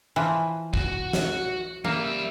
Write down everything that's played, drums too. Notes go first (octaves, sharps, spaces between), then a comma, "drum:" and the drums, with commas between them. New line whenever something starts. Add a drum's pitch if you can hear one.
E3 F3
F#4, drum: kick
drum: snare
G3 A#3 E5, drum: tom E3